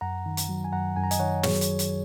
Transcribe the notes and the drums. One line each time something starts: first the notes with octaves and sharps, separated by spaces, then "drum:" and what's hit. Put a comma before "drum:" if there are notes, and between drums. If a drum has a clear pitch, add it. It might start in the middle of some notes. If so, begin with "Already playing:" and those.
F#2 F#5 A#5
D#3
drum: hi-hat
F#3
G#5
F#2 F#5 A#5
F#2 G#5
A#5
D#5 G#5, drum: hi-hat
D#3 C#5 F#5
F#3 G#4 C#5, drum: snare
drum: hi-hat
drum: hi-hat